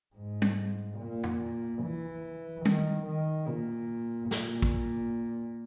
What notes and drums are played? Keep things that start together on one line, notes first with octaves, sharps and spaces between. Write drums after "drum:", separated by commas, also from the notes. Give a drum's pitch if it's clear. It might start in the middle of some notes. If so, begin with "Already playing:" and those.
G#2
drum: tom G3
A#2
drum: tom
E3
D#3, drum: tom G3
D#3
A#2
A#2, drum: snare
drum: kick